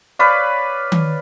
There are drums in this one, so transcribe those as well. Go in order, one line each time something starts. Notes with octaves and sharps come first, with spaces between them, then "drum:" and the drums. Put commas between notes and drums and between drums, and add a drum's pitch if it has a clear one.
B4 C#5 D5 F5
drum: tom D#3